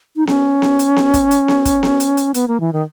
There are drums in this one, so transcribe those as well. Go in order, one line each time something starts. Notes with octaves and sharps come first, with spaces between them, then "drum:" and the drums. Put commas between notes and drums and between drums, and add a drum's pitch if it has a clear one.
D#4
C#4, drum: snare B3
drum: snare B3
drum: hi-hat
drum: snare B3
drum: kick, hi-hat
drum: hi-hat
drum: snare B3
drum: kick, hi-hat
drum: snare B3
drum: hi-hat
drum: hi-hat
B3, drum: hi-hat
A#3
E3
D#3